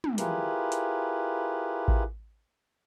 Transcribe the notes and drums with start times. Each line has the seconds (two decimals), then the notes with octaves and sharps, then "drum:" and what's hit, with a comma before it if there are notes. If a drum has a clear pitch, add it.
0.04 drum: tom
0.18 E4 F4 G4 G#4 A#4 B4, drum: hi-hat
0.72 drum: hi-hat
1.88 drum: kick A1